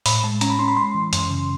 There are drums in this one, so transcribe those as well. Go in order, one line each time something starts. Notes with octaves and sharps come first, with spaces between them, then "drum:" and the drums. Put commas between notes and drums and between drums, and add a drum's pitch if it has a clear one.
A2 B5, drum: open hi-hat
G#3 A5
C#4 A#5, drum: hi-hat
B5
C#4 C6
B5
G#3 C6
E3
F#2, drum: hi-hat
C#3